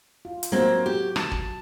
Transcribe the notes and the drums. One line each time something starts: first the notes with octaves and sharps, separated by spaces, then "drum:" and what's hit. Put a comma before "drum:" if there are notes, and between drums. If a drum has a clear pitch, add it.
F4
drum: hi-hat
F#3 A#3 C4 F#4
F#4 G4
A5, drum: rim click
drum: kick